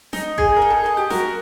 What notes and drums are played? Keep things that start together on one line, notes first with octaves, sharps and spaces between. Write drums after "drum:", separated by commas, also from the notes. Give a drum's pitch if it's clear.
D#4, drum: snare
G#4, drum: kick G1
A#4
D#4
A4
G#4 D#5
G4
F#4 A#4, drum: snare